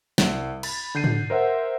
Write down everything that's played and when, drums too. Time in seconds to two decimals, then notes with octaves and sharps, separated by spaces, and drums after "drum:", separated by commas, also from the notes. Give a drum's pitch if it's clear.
0.18 C2, drum: snare
0.63 B5 A6, drum: cymbal
0.95 D3 G6 C7 D#7
1.04 drum: tom G#2
1.30 A#4 C5 E5 F#5